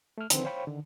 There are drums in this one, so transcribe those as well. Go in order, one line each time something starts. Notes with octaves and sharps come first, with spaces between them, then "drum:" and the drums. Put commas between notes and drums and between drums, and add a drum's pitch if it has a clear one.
A3 F6
D3 D#3 F3 C4 B4, drum: hi-hat
C5 C#5 F5 G5 B5 C#6
D3 D#3